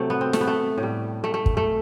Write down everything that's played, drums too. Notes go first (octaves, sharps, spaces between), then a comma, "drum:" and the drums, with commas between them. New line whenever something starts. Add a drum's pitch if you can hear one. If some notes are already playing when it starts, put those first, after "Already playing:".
Already playing: C3 F#3 A3
B3
C4
A3, drum: snare
B3
A3
A2
G3
A3
A3
drum: kick
A3